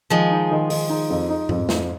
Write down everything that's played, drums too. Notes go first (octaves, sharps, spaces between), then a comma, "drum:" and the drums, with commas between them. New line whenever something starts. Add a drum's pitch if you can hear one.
D#3 F3 G#3
D#4
D#3
D#3, drum: open hi-hat
D#4
F2
D#4
F2, drum: tom G#2
F2, drum: snare